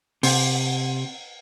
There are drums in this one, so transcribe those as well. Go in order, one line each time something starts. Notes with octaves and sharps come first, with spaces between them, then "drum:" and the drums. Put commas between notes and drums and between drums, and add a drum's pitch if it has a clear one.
C3, drum: open hi-hat